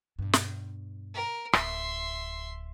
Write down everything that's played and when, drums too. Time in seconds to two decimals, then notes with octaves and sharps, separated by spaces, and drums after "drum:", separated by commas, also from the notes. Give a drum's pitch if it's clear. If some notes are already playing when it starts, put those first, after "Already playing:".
0.19 G2 B2
0.33 drum: snare
1.14 A#4
1.53 D1 E5 C6, drum: rim click